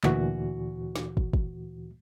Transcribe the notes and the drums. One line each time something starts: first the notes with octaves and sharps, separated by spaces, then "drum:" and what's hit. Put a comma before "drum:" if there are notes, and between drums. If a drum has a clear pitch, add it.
D2 A#2 E3 F#4, drum: clap
drum: snare
drum: kick
drum: kick